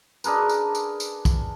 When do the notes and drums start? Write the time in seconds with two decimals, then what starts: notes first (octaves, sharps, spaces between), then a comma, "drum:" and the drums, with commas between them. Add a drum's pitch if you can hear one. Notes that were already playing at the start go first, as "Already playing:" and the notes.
0.24 D4 G#4 A#4 B4, drum: tambourine
0.49 drum: tambourine
0.75 drum: tambourine
1.00 drum: tambourine
1.25 drum: kick, tambourine